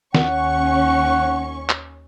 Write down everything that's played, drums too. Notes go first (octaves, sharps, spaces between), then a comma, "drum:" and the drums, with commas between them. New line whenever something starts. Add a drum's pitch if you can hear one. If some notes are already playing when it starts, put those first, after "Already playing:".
D#2 C#4 F#5 C#6, drum: snare
drum: clap